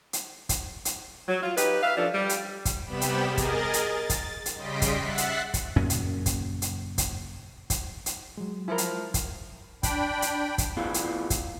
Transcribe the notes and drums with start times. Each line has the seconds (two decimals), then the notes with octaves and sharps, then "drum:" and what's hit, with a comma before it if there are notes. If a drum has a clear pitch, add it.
0.13 drum: hi-hat
0.49 drum: kick, hi-hat
0.85 drum: hi-hat
1.29 F#3
1.43 F4
1.57 D#4 G4 B4, drum: hi-hat
1.83 B4 E5 F5
1.97 F3 C#4 D4 F4 A4
2.14 G3
2.29 drum: hi-hat
2.65 drum: kick, hi-hat
2.86 C3 G3 B3 G4 B5 E7
3.01 drum: hi-hat
3.27 G#4 A#4 D#5 A6
3.37 drum: kick, hi-hat
3.73 drum: hi-hat
3.89 A6
4.10 drum: kick, hi-hat
4.46 drum: hi-hat
4.55 C#3 G3 D#5 C6 B6 D7
4.82 drum: kick, hi-hat
4.99 E5 F#5 F#6 A6 B6 C7
5.18 drum: hi-hat
5.54 drum: kick, hi-hat
5.76 F#2 A#2 C#3 C#4
5.90 drum: hi-hat
6.26 drum: kick, hi-hat
6.62 drum: hi-hat
6.98 drum: kick, hi-hat
7.70 drum: kick, hi-hat
8.06 drum: hi-hat
8.37 F#3 G#3
8.68 F3 E4 A#4
8.78 drum: hi-hat
9.14 drum: kick, hi-hat
9.83 D4 G5 B5, drum: kick, hi-hat
10.22 drum: hi-hat
10.58 drum: kick, hi-hat
10.77 B3 E4 F4 G#4
10.94 drum: hi-hat
11.30 drum: kick, hi-hat